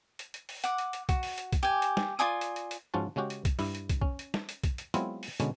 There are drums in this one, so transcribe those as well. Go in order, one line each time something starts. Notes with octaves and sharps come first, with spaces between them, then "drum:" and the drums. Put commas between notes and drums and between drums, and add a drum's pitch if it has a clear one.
drum: hi-hat
drum: hi-hat
drum: open hi-hat
F#5 D6, drum: hi-hat
drum: hi-hat
drum: hi-hat
F#4, drum: kick, hi-hat
drum: open hi-hat
drum: hi-hat
drum: kick, hi-hat
G4 G#5
drum: hi-hat
drum: snare
F4 D5 G#5 D#6
drum: hi-hat
drum: hi-hat
drum: hi-hat
G#2 F3 C#4 F4 F#4 A5
C#3 G#3 C#4 F#4 G4
drum: hi-hat
drum: kick, hi-hat
G2 E4, drum: open hi-hat
drum: hi-hat
drum: kick, hi-hat
C#4, drum: kick
drum: hi-hat
drum: snare
drum: hi-hat
drum: kick, hi-hat
drum: hi-hat
F#3 G#3 B3 C4 E4 F4, drum: hi-hat
drum: open hi-hat
B2 D3 G#3 B3 C#4, drum: hi-hat